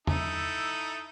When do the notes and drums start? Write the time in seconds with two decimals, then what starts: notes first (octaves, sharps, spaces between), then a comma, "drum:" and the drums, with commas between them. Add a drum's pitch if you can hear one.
0.07 D#4 E4 A4, drum: tom E2